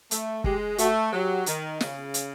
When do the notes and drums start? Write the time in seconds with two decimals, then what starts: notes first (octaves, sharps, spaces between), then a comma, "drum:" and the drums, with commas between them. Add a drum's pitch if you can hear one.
0.11 A3, drum: hi-hat
0.44 G#3 G4, drum: kick
0.78 A3 F#4, drum: hi-hat
1.12 F#3 G4
1.46 D#3, drum: hi-hat
1.81 C#3, drum: snare
2.14 drum: hi-hat